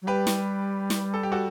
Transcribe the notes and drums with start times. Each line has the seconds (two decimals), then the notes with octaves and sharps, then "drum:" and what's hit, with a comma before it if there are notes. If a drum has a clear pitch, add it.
0.02 F#3
0.07 G3 G4 B4
0.27 drum: snare
0.90 drum: snare
1.14 A4
1.23 G4
1.32 F#4 A4